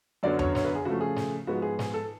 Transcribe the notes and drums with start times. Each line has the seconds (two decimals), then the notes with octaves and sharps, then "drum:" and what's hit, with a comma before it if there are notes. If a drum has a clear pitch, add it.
0.23 F#2 D3 F#3 B3 D5
0.39 C#5, drum: tom E2
0.55 C#5, drum: snare
0.65 B4
0.75 G#4
0.85 C#3 F3 A3 F#4
1.01 G#4
1.16 drum: snare
1.47 G#2 F3 G#3 B3 F#4
1.62 G#4
1.79 G#4, drum: snare
1.94 A4